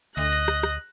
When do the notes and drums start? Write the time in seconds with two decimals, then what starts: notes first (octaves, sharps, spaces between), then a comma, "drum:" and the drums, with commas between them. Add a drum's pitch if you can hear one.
0.17 D2 D#5 F#6 A#6, drum: open hi-hat
0.33 drum: hi-hat
0.48 drum: rim click
0.63 drum: rim click